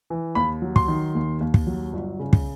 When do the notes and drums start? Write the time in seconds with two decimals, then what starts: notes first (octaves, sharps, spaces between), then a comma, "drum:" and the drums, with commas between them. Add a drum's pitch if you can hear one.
0.10 E3
0.35 D#2 B5
0.62 F#3
0.76 C6, drum: kick
0.88 D#3
1.15 D#2
1.40 D#2
1.54 drum: kick
1.67 F#3
1.93 G1
2.20 C#3
2.33 drum: kick